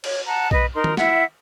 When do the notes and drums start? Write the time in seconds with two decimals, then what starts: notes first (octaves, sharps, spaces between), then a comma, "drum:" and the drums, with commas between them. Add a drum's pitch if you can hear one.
0.04 C#5, drum: cymbal
0.26 F#5 A5 A#5
0.51 B4 D#5, drum: kick B1
0.74 D#4 A#4 C6
0.84 drum: tom
0.97 E4 E5 F#5, drum: snare